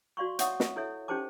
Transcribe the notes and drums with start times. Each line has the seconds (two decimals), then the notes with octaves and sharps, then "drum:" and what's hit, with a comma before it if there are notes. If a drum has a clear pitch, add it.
0.17 F#4 D5 F5 C6 C#6
0.39 C#5 E5 F#5 C#6 D#6, drum: hi-hat
0.60 drum: snare
0.76 E4 A4 C#5 E5
1.08 C#4 D#4 G4 C5 A5 D6